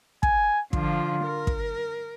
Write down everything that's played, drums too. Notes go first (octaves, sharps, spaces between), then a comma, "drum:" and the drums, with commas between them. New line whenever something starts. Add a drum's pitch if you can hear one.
G#5, drum: kick
D3 F3 F4, drum: kick
A#4
drum: kick